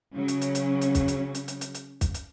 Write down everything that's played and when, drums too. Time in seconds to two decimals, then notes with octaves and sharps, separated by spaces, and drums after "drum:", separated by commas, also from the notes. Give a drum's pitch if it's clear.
0.15 C#3 F#3 C#4
0.28 drum: hi-hat
0.42 drum: hi-hat
0.55 drum: hi-hat
0.81 drum: hi-hat
0.95 drum: kick, hi-hat
1.08 drum: hi-hat
1.35 drum: hi-hat
1.48 drum: hi-hat
1.61 drum: hi-hat
1.75 drum: hi-hat
2.01 drum: kick, hi-hat
2.14 drum: hi-hat